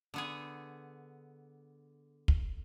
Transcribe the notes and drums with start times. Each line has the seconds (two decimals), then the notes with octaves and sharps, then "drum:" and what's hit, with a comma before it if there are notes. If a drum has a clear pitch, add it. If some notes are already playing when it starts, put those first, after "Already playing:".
0.14 D3 B3 G#4
2.28 drum: kick